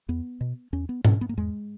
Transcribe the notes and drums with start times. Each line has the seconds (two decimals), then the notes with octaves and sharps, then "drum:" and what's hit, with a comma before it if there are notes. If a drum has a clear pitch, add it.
0.08 E2 B3
0.41 B2
0.73 E2 C#4
0.89 B3
1.05 B2 C#4, drum: tom G#2
1.21 B3
1.29 A#3
1.37 E2 G#3